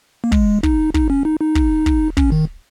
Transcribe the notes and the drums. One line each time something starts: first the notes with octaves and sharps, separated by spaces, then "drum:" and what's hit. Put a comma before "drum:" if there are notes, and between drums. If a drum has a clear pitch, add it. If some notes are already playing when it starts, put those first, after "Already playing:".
A#3
G#3, drum: kick
D#4, drum: kick
D#4, drum: kick
C#4
D#4
D#4
drum: kick
drum: kick
C#4, drum: kick
D#3